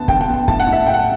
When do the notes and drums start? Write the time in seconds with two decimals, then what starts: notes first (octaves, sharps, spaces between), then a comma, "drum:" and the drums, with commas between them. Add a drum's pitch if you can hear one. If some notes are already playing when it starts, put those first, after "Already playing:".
Already playing: D2 B3 A5
0.08 D3 G5, drum: kick
0.21 G5
0.28 B3
0.34 G5
0.48 A2 A5, drum: kick
0.60 F#5
0.67 A2
0.73 E5
0.87 A2 G5
0.94 F#5